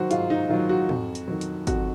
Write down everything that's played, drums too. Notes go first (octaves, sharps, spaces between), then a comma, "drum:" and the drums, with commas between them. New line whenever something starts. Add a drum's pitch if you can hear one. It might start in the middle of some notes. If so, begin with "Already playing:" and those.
Already playing: D#3 F#3 F#4 C5
G#2 F4, drum: hi-hat
D#4
D#3 F#3 F4
F#4
F2, drum: tom
drum: hi-hat
D#3 F#3
drum: hi-hat
F2 F#4, drum: kick, hi-hat